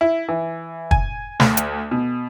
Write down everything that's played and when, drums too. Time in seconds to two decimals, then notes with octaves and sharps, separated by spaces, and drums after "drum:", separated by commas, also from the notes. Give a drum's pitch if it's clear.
0.01 E4
0.28 E3
0.91 G#5, drum: kick
1.40 D2, drum: snare
1.57 drum: hi-hat
1.91 B2